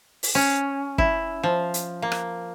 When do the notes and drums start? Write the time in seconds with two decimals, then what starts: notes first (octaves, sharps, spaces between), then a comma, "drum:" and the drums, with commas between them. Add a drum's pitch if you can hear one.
0.23 drum: open hi-hat
0.35 C#4
0.98 E4, drum: kick
1.43 F3
1.74 drum: hi-hat
2.02 A#3
2.12 drum: rim click